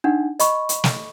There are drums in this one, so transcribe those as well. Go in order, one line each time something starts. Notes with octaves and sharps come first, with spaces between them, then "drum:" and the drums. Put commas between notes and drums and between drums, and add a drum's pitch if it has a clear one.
D4 D#4 F#5
D#5 B5 C#6, drum: hi-hat
drum: hi-hat
drum: snare